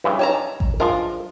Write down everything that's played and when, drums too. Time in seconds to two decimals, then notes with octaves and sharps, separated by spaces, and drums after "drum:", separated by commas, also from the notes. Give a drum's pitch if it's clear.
0.04 G2 C#3 E3
0.19 C#4 D#4 G4 C#5 A5 A#5
0.60 drum: kick A1
0.80 F3 G#3 D4 F4 A#4